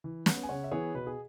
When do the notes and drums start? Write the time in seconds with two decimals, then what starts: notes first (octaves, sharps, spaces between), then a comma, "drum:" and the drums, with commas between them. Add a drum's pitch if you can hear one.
0.04 E3
0.26 B3, drum: snare
0.43 G#5
0.49 C#3 C#5 F#5
0.64 E5
0.71 E3 B3 G#4 C#5
0.94 B2 B4
1.07 G#4